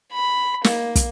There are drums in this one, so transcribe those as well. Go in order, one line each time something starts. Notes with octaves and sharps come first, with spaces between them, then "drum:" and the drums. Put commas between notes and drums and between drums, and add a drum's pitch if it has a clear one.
B5
A#3, drum: snare
drum: kick, hi-hat